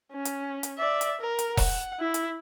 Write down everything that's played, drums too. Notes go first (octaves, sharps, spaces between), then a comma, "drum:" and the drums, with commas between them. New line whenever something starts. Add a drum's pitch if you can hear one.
C#4
drum: hi-hat
drum: hi-hat
D5 E5
drum: hi-hat
A#4
drum: hi-hat
F#5, drum: kick E1, open hi-hat
E4
drum: hi-hat